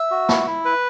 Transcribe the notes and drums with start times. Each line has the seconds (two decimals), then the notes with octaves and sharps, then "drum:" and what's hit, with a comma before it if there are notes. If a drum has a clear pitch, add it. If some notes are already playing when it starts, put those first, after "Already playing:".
Already playing: E5
0.11 F#4
0.29 E4, drum: snare
0.47 E4
0.65 B4